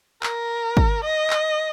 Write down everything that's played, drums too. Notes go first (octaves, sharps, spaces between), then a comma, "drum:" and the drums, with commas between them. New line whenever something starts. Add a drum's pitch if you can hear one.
A#4, drum: clap
drum: kick
D#5
drum: clap